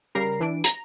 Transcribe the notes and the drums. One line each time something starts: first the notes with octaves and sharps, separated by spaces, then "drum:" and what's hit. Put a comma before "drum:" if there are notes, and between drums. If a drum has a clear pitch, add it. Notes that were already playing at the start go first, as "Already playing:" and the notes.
C#3 G3 A#4 A#5 C7
E3 D4 D7
A#5, drum: hi-hat